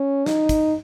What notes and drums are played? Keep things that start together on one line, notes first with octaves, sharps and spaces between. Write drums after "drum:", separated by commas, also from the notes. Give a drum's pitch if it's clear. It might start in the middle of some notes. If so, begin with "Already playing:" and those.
Already playing: C#4
D#4, drum: snare
drum: kick, hi-hat